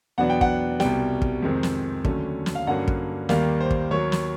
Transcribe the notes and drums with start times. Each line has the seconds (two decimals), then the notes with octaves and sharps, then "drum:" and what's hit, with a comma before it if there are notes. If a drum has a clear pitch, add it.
0.18 E2 B2 F#3 B3 D4 F#5
0.30 G5
0.41 F#5, drum: kick
0.80 C2 B2 G3 G5, drum: snare
1.22 drum: kick
1.43 F2 C3 D#3 G#3 C4
1.63 drum: snare
2.05 D#2 D3 F#3 A3 C#4, drum: kick
2.46 drum: snare
2.55 F5
2.67 G2 D3 F#3 A#3 C#4 F#5
2.88 drum: kick
3.29 D#2 D#3 G3 A#3 F5, drum: snare
3.60 C5
3.71 drum: kick
3.91 D#2 D#3 F#3 C#5
4.12 drum: snare